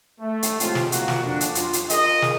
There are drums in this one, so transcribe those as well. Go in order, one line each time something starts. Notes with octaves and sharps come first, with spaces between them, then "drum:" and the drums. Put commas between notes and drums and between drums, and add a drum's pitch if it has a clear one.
A3
drum: hi-hat
A2 C3 F3 G#3 C4 F4, drum: hi-hat
drum: snare
A#3 F4 F#4, drum: hi-hat
drum: snare
F2 D4
drum: hi-hat
F4, drum: hi-hat
drum: hi-hat
F4 G#4 A#4 D#5, drum: hi-hat
drum: snare